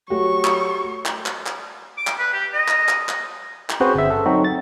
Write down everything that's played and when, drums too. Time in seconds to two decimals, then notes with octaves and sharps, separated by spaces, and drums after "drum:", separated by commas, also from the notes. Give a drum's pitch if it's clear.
0.10 F#3 A3 F#4 G4 C#6
0.45 drum: clap
1.06 drum: clap
1.26 drum: clap
1.46 drum: clap
1.98 D6
2.07 drum: clap
2.19 B4
2.34 G4
2.53 D#5
2.68 drum: clap
2.88 drum: clap
3.09 drum: clap
3.70 drum: clap
3.80 C4 C#4 F#4 G#4 B4 C5
3.94 G1 E5
4.10 A4
4.26 F#3 C4 D#4 F#4
4.45 A6